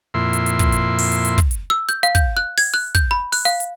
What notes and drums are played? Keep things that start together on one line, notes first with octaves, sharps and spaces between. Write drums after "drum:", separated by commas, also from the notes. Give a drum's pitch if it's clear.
F2 A#2 E4 C6
drum: hi-hat
drum: hi-hat
drum: kick, hi-hat
drum: hi-hat
drum: open hi-hat
drum: hi-hat
drum: hi-hat
drum: kick, hi-hat
drum: hi-hat
E6
G6, drum: hi-hat
F5, drum: hi-hat
G6, drum: kick, hi-hat
F#6
G#6, drum: open hi-hat
F#6
G6, drum: kick, hi-hat
B5
F#6, drum: open hi-hat
F5, drum: hi-hat
drum: hi-hat